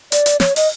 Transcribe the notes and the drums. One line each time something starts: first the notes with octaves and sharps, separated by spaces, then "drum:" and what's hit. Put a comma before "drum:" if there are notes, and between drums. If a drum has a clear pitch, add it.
D5, drum: hi-hat
drum: hi-hat
C#5, drum: snare
D#5, drum: open hi-hat